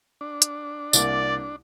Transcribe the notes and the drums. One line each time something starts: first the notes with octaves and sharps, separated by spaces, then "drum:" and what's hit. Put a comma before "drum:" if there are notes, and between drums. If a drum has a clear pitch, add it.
D4
drum: hi-hat
C2 A#3 D5, drum: tambourine